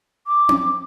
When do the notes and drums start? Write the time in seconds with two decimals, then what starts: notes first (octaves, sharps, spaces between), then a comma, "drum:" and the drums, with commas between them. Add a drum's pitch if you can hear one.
0.27 D6
0.49 drum: tom C4